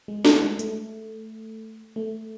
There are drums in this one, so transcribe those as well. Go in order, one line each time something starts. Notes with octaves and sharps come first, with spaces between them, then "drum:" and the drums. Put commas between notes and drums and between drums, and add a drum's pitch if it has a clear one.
G#3
A3, drum: snare
G#3
A3, drum: hi-hat
A3